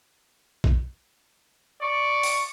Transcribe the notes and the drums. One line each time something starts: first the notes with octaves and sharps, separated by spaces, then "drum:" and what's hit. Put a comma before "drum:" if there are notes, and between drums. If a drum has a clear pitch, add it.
drum: kick
D5 C#6
drum: open hi-hat